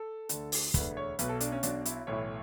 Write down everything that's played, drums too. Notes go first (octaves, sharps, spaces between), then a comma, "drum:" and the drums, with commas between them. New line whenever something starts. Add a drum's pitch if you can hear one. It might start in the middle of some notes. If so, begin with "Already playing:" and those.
Already playing: A4
D2 D3, drum: hi-hat
drum: open hi-hat
E1 D2 D3 B4, drum: kick, hi-hat
C#5
B1 B2 B4, drum: hi-hat
A4
D4, drum: hi-hat
C#4
B1 B2 D4, drum: hi-hat
E4, drum: hi-hat
B1 A2 E3 C#5